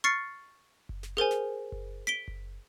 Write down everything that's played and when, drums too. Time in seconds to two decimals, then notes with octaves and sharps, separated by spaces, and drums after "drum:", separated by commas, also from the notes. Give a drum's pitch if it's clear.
0.04 C#6 F6 A6 C7 C#7
0.89 drum: kick F#1
1.03 drum: snare
1.17 G#4 A#4 C5 G#5
1.31 drum: snare
1.72 drum: kick F#1
2.07 B6 D7 G7
2.28 drum: kick F#1